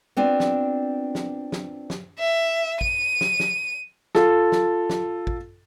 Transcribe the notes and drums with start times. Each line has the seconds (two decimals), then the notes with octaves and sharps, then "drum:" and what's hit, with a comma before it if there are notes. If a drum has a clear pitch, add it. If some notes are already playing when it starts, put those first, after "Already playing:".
0.17 B3 C4 D4 F4
0.40 drum: snare
1.15 drum: snare
1.52 drum: snare
1.90 drum: snare
2.19 E5
2.81 D#7, drum: kick
3.21 drum: snare
3.40 drum: snare
4.15 F4 A4, drum: snare
4.52 drum: snare
4.90 drum: snare
5.27 drum: kick